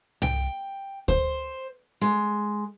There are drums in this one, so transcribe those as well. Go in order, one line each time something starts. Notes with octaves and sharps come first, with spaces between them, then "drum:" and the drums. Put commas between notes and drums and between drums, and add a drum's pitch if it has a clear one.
G5, drum: tom C2
C5, drum: kick D2
G#3